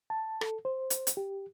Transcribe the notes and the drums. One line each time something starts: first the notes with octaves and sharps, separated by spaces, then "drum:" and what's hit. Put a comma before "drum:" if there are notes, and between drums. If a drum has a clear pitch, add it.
A5
A4, drum: rim click
C5
drum: hi-hat
drum: hi-hat
G4